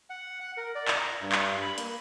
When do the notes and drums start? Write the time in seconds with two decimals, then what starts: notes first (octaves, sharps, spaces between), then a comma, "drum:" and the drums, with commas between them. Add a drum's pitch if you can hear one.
0.10 F#5
0.40 F#5
0.57 A#4
0.75 D5
0.88 A#5, drum: clap
1.21 G2
1.32 drum: clap
1.62 B5
1.78 A#3, drum: hi-hat